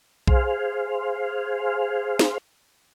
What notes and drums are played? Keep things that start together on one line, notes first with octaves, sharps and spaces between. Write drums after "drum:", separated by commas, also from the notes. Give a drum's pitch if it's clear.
G#4 C5 F5, drum: kick B1
drum: snare